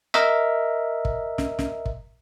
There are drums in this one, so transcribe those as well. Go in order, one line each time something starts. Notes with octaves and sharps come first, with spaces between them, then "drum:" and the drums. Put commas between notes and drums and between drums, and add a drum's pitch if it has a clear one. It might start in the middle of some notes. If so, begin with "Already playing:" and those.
A#4 D#5 E5, drum: rim click
drum: kick
drum: snare
drum: snare
drum: kick